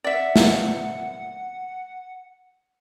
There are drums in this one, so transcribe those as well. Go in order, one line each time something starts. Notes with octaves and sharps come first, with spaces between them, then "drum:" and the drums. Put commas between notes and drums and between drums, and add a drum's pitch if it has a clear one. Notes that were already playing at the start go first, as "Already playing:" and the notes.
D5 E5 F#5
drum: snare